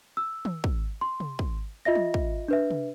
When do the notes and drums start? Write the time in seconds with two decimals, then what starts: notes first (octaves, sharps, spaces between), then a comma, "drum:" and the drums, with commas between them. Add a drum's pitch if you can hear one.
0.17 E6
0.45 drum: tom
0.64 drum: kick
1.01 C6
1.20 drum: tom C3
1.39 drum: kick
1.85 F4 D#5 E5 A#6
1.95 drum: tom
2.14 drum: kick
2.48 D4 B4 E5
2.70 drum: tom C3